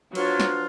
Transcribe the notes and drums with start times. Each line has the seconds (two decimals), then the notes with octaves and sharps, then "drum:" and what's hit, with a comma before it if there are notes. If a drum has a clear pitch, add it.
0.15 F3 F#3 B3 D4 F4, drum: cymbal
0.40 drum: snare